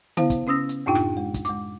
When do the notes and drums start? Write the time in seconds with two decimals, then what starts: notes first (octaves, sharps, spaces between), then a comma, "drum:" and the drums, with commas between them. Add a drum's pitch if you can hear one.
0.17 B3 E4 C5 F5, drum: tom C#3
0.30 drum: kick, hi-hat
0.47 C#3 C#4 D#6 E6 A#6
0.69 drum: hi-hat
0.86 F#2 A2 D4 D#4 F4 G5
0.95 drum: rim click
1.17 G#3
1.34 drum: kick, hi-hat
1.45 G#3 D6, drum: hi-hat